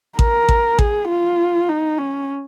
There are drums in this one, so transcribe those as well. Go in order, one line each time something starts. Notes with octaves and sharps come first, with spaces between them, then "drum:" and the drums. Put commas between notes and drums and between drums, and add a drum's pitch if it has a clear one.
A#4, drum: kick A1
drum: kick A1
G#4, drum: kick A1
F4
D#4
C#4